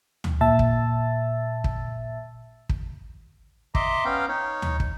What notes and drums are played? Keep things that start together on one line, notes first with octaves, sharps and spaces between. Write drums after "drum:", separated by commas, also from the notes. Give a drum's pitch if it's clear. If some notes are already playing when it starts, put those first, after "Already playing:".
drum: tom
A#2 E5 A5 E6 A6
drum: kick
drum: kick
drum: kick
D#5 E5 A#5 C6 D6, drum: kick
B3 C#4 F5 G5 A#5
D#4 C#5
drum: tom
drum: kick